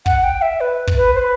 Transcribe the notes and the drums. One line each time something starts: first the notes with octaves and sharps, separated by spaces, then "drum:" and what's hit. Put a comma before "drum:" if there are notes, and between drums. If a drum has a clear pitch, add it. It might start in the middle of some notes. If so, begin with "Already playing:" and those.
F#5, drum: kick
G5
E5
B4
drum: kick
B4
C5
B4